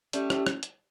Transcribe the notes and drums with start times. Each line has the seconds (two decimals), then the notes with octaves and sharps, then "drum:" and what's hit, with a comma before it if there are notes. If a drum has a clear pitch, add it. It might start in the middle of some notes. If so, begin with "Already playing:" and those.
0.13 G3 A3 C#4, drum: hi-hat
0.30 drum: rim click
0.46 drum: rim click
0.63 drum: hi-hat